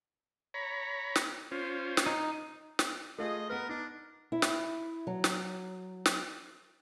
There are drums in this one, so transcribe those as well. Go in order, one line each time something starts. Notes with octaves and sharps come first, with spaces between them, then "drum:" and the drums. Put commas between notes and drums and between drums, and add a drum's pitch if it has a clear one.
C#5 A#5 B5
drum: snare
C#4 F4 C5
drum: snare
D#4
drum: snare
A3 F4 G#4 D#5
B3 A#4 B4
D4 D#4
E4
drum: snare
F#3
drum: snare
drum: snare